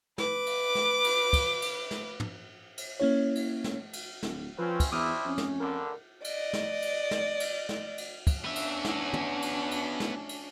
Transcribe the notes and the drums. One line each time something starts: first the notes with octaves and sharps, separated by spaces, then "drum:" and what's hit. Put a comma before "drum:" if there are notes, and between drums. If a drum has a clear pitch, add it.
B4 D6, drum: snare
drum: cymbal
drum: snare
drum: cymbal
drum: kick, cymbal
drum: cymbal
drum: snare
drum: tom
drum: cymbal
A#3 C#4 E4 C#5
drum: cymbal
drum: snare
drum: cymbal
D1, drum: snare
F3 C4 C#4 B4
drum: kick, cymbal
E2 C4 D4 E4 D6 D#6 F6
F2 C#4
drum: snare
A1 G2 D3 A#4
D5 D#5, drum: cymbal
drum: snare
drum: cymbal
drum: snare
drum: cymbal
drum: snare
drum: cymbal
drum: kick, cymbal
B3 C#4 D4 E5
drum: cymbal
drum: snare
drum: tom
drum: cymbal
drum: cymbal
drum: snare
drum: cymbal